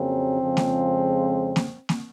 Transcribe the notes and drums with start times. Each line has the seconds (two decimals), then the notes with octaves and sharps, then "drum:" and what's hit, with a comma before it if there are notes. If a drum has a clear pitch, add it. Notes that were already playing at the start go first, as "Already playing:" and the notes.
Already playing: F2 C#3 F#3 A#3 C4
0.40 F2 C#3 F3 G#3
0.57 drum: snare A#3
1.56 drum: snare A#3
1.89 drum: snare A#3